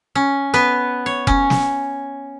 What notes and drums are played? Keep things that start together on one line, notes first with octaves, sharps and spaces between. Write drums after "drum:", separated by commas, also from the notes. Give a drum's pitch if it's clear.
C#4
B3 B4
C#5
C#4, drum: kick F1
drum: snare